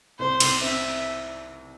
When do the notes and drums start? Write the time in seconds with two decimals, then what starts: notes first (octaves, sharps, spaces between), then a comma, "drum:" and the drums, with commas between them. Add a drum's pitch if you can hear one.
0.19 C2 C5
0.40 C2, drum: cymbal
0.62 C4 E5